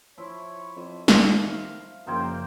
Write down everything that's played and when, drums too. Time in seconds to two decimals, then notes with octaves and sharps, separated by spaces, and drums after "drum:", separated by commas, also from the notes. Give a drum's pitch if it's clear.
0.18 F3 E4 C#5
0.76 F2
1.08 D#3 F5, drum: snare
2.07 F#1 F#2 C#3 F3 A#3 D#4 C5 G5